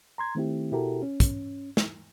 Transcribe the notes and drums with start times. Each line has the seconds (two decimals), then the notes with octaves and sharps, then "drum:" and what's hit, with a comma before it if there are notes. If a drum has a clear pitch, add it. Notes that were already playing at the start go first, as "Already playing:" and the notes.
0.18 A#5 C6 G#6
0.35 D#3 A3 C4 E4 G4
0.72 B2 E4 F#4 G4 A4 A#4
1.02 C#4
1.20 drum: kick, hi-hat
1.77 drum: snare